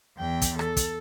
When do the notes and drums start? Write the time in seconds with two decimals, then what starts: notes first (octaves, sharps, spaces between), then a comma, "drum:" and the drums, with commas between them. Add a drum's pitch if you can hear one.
0.17 E2 G5
0.42 drum: kick, hi-hat
0.59 A4, drum: rim click
0.77 drum: kick, hi-hat